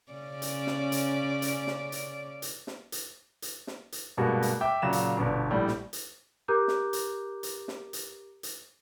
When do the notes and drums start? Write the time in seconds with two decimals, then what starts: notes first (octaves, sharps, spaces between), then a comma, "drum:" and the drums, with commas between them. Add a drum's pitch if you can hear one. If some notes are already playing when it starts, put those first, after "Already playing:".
0.12 C#3 C#4 D5
0.42 drum: hi-hat
0.67 drum: snare
0.92 drum: hi-hat
1.42 drum: hi-hat
1.67 drum: snare
1.92 drum: hi-hat
2.42 drum: hi-hat
2.67 drum: snare
2.92 drum: hi-hat
3.42 drum: hi-hat
3.67 drum: snare
3.92 drum: hi-hat
4.17 G2 B2 G#3 A#3 F#4
4.42 drum: hi-hat
4.61 E5 G5 D6
4.82 A#2 C#3 F#3 E7
4.93 drum: hi-hat
5.17 G1 B2 D4
5.50 A#1 A2 G3
5.68 drum: snare
5.93 drum: hi-hat
6.48 G4 A#4 A#5 D6 F#6 G6
6.68 drum: snare
6.93 drum: hi-hat
7.43 drum: hi-hat
7.68 drum: snare
7.93 drum: hi-hat
8.43 drum: hi-hat